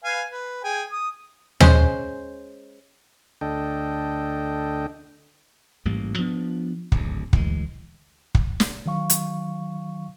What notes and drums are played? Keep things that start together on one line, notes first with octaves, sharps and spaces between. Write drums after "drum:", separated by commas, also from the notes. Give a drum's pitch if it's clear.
B4 F5 G#5
B4
G#4 G5 G#5
D#6
G#3 C#4 C5, drum: tom D#2
D2 D4 A4 D#5 G5
A1 G#2 G3 A#3
F3 B3 D4
D1 G#1 D2, drum: kick
D2 E3 G#3, drum: kick
drum: kick
drum: snare
D#3 F#3 F5 C#6
drum: hi-hat